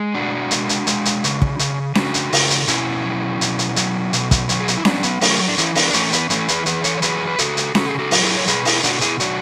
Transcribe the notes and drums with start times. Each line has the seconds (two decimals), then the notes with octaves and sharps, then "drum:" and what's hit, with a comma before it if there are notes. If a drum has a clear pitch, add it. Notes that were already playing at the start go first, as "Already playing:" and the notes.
Already playing: G#3
0.14 B2 D4 F#4
0.51 G#3, drum: hi-hat
0.69 drum: hi-hat
0.87 G#3, drum: hi-hat
1.05 drum: hi-hat
1.24 C#3, drum: hi-hat
1.42 drum: kick
1.59 C#3, drum: hi-hat
1.95 C#3 D4 F#4, drum: snare C#4
2.14 drum: hi-hat
2.33 C#3, drum: open hi-hat
2.50 drum: hi-hat
2.68 B2 C#4 E4, drum: hi-hat
3.04 F#3
3.41 B2, drum: hi-hat
3.59 drum: hi-hat
3.76 F#3, drum: hi-hat
4.13 B2, drum: hi-hat
4.31 drum: kick, hi-hat
4.49 F#3, drum: hi-hat
4.60 G#4
4.68 F#4, drum: hi-hat
4.78 E4
4.85 F#3 B3 D4, drum: snare C#4
5.03 B3, drum: hi-hat
5.21 F#3 A3 C#4, drum: open hi-hat
5.48 D4
5.58 E3 C#4 E4, drum: hi-hat
5.75 B3 D4, drum: open hi-hat
5.94 E3 A3 C#4, drum: hi-hat
6.13 B3, drum: hi-hat
6.30 E3 A3 C#4, drum: hi-hat
6.48 G#4 B4, drum: hi-hat
6.66 E3 G#4 B4, drum: hi-hat
6.84 A4 C#5, drum: hi-hat
6.97 C#5
7.02 F#3 G#4 B4, drum: hi-hat
7.27 B4
7.38 C#3 F#4 A4, drum: hi-hat
7.57 drum: hi-hat
7.75 C#3 F#4 A4, drum: snare C#4
7.89 G#4
7.99 F#4 A4
8.11 F#3, drum: open hi-hat
8.23 E4 G#4
8.37 C#5
8.47 B2 G#4 B4, drum: hi-hat
8.65 E4 G#4, drum: open hi-hat
8.84 B2 D4 F#4, drum: hi-hat
9.01 E4 G#4, drum: hi-hat
9.20 F#3 D4 F#4, drum: hi-hat